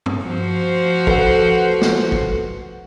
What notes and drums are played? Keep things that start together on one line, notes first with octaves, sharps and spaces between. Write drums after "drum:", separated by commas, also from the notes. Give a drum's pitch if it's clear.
drum: tom
F3 F#4 C5
A4 B4 F#5, drum: kick
drum: snare
drum: kick